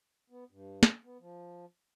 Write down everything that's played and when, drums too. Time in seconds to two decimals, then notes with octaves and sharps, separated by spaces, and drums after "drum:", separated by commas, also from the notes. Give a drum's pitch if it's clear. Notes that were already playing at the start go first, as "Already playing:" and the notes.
0.30 B3
0.51 G2
0.83 drum: snare
1.05 B3
1.19 F3